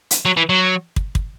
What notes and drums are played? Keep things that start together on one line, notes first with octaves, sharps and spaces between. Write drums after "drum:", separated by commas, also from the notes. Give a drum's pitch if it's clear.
drum: hi-hat
F#3
E3
F#3
drum: kick
drum: kick